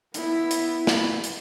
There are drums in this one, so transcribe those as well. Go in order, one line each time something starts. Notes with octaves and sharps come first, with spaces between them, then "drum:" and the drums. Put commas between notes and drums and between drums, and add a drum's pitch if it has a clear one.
B3 E4, drum: hi-hat
drum: hi-hat
drum: snare
drum: hi-hat